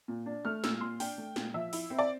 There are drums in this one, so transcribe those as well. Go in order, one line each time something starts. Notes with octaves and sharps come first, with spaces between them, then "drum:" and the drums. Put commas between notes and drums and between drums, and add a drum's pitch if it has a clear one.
A#2
D4
A3 F6
A#2 E6, drum: snare
A#2 C6
D4 G5, drum: open hi-hat
A3
A#2, drum: snare
F3 E5
E4, drum: open hi-hat
C4
D5